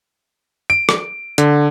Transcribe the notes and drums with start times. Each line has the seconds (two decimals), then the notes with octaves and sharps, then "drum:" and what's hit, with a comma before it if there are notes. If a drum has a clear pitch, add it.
0.70 D7
0.89 drum: rim click
1.38 D3, drum: hi-hat